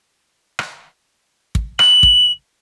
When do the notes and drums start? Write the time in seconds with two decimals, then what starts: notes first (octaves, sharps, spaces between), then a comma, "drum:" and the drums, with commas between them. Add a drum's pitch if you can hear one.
0.59 drum: rim click
1.55 drum: kick
1.79 F#7, drum: rim click
2.03 drum: kick